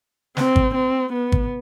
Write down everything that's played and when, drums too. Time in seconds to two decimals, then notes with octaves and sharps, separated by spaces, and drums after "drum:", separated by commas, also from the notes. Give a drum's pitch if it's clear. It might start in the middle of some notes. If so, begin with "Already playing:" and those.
0.37 C4, drum: snare
0.56 drum: kick
0.75 C4
1.13 B3
1.32 drum: kick